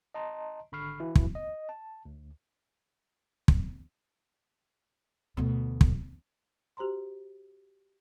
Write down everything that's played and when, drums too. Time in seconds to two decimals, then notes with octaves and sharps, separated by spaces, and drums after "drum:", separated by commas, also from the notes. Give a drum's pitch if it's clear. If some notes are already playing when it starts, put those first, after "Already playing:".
0.14 D#5 A5 A#5 C6
0.72 G#1 D3 B5 C#6 F6 C7
1.00 E3 E4 F#4
1.16 drum: kick
1.35 D#5
1.69 A5
2.05 D2
3.48 drum: kick
5.37 D2 B2
5.81 drum: kick
6.77 F#4 G4 C5 A#5 C6